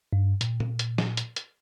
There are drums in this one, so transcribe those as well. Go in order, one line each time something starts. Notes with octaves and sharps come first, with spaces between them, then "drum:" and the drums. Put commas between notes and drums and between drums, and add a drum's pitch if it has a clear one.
G2
A#2, drum: hi-hat
drum: tom A#2
drum: hi-hat
drum: snare
drum: hi-hat
drum: hi-hat